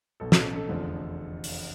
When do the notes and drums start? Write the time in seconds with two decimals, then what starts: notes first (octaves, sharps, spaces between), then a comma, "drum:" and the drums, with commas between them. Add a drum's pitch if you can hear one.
0.20 B1 B2 A4
0.32 A4, drum: snare
0.45 A4
0.56 A4
0.69 F1 E2 D3 F3
1.44 drum: open hi-hat